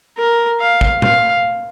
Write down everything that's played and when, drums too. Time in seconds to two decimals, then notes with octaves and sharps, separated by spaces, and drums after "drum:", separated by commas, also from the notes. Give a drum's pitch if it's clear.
0.18 A#4
0.60 F5
0.81 drum: kick
1.02 F5, drum: tom A#2